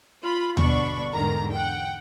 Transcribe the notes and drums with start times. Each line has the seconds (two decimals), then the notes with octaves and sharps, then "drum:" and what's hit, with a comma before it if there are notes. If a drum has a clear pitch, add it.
0.22 F4 B5
0.57 G1 B2 D4 B5 C#6, drum: tom D#2
1.13 E2 G#2 D3 D#3 A#5
1.53 F#5 G5